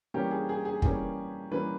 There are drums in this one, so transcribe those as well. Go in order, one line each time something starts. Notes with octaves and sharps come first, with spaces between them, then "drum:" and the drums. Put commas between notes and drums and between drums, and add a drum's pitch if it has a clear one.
E3 G3 A#3 C#4 G4
G#4
G#4
G#4
E3 G3 A#3 C#4 G#4, drum: kick
E3 G3 A#3 C#4 B4